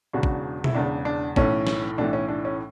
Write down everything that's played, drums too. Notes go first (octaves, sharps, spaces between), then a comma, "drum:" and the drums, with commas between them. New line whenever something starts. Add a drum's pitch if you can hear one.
E1 E2 C#3 D4 F#4
drum: kick
E4, drum: tom B2
E1 E2 C#3 D4
D4
B1 A2 E3 C#4, drum: kick
drum: snare
B1 A2 E3 D4
C#4
D4
C#4